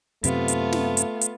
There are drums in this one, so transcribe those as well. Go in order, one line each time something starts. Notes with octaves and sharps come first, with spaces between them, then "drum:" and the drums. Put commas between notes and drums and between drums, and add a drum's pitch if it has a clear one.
F#2 C3 A3 B3 F4, drum: hi-hat
drum: hi-hat
drum: snare
drum: hi-hat
drum: hi-hat